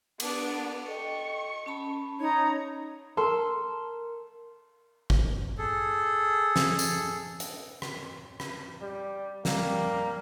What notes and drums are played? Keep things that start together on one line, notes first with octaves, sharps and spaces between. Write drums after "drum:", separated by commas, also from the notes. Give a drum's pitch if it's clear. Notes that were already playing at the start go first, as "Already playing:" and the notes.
B3 D4, drum: cymbal
A4 D#5 G5 C#6
C#4 A5 B5
D#4 C#5 A#5
A4 A#4 C6
drum: kick
G#4 A4
drum: snare
drum: tambourine
drum: hi-hat
drum: rim click
drum: rim click
G3
G3 A#3, drum: snare